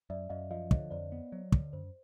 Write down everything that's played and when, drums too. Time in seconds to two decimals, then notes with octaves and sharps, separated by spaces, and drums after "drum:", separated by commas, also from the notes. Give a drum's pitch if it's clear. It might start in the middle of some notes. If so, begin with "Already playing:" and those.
0.10 F#2 D5 E5
0.30 F#2 D#5 F5
0.51 F3 D#5 F5
0.71 D3 C#5 D#5, drum: kick
0.91 F2 C5 D5
1.12 B3
1.32 F#3 C#5
1.52 D3, drum: kick
1.73 F#2 C5